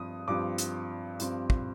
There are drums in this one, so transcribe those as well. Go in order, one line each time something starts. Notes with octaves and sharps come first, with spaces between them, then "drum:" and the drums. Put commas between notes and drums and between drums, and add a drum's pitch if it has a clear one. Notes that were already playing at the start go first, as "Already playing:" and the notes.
Already playing: G2 F3 C4 D#6
G2 F3 C4 D6
drum: hi-hat
G2 F3 C4, drum: hi-hat
drum: kick